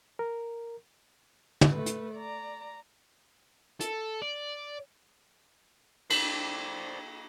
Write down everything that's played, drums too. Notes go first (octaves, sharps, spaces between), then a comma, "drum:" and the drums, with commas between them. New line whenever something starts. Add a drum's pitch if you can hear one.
A#4
drum: tom
A3 B4
drum: hi-hat
D5 A#5
A4, drum: hi-hat
D5
A4 C5 D5 G5, drum: cymbal